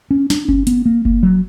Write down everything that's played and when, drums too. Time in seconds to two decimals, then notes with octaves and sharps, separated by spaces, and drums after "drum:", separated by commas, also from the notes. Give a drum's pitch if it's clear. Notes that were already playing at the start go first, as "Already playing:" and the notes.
0.11 C#4
0.30 D4, drum: snare
0.49 C#4, drum: kick F#1
0.67 B3, drum: hi-hat
0.86 A#3
1.05 A#3, drum: kick F#1
1.23 F#3